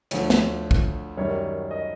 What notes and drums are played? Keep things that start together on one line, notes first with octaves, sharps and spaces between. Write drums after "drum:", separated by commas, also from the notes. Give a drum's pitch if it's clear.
D2 D3 F3 C#5, drum: cymbal
drum: snare
drum: kick
F#2 D#3 G3 C#5
D#5